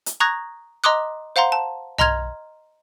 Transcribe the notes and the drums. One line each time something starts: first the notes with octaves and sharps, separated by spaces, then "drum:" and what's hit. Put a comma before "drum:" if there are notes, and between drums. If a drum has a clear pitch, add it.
drum: hi-hat
A#5 C#6 D#6 F#6 G#6 A#6
D#5 A#5 C6 D6 D#6 F#6
C5 F5 F#5 A#5 C6
A5
D#5 A#5 C6 F6 G#6 F7, drum: tom